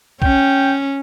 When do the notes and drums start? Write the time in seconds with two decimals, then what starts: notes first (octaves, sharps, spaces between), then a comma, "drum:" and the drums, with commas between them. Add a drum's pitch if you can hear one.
0.22 C#4 G5, drum: kick